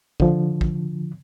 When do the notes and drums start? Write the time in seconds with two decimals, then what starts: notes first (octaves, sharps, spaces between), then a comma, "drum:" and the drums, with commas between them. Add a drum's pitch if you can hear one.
0.20 D3 F3, drum: kick
0.61 drum: kick